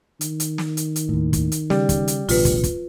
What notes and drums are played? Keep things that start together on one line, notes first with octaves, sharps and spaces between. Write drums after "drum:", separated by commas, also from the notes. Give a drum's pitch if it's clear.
D#3, drum: hi-hat
drum: hi-hat
drum: snare
drum: hi-hat
drum: hi-hat
D#2 A2
drum: kick, hi-hat
drum: hi-hat
C#3 G3, drum: snare
drum: kick, hi-hat
drum: hi-hat
A1 B2 D3 F4 B4, drum: open hi-hat
drum: kick, hi-hat
drum: kick, hi-hat